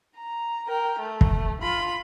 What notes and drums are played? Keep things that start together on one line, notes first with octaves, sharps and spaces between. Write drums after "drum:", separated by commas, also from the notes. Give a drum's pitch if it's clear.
A#5
A#4 G5
A3
drum: kick
F4 B5